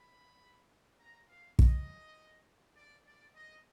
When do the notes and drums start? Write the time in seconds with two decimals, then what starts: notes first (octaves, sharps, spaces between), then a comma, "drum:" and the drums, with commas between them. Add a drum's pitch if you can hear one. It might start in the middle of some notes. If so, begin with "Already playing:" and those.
Already playing: B5
1.00 A#5
1.29 F5
1.59 D#5, drum: kick
2.76 D5
3.06 D5
3.36 D#5